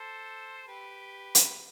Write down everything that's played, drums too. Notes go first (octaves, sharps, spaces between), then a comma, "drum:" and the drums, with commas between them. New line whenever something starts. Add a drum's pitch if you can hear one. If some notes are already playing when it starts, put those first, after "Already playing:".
Already playing: A4 C5
G4 B4
drum: hi-hat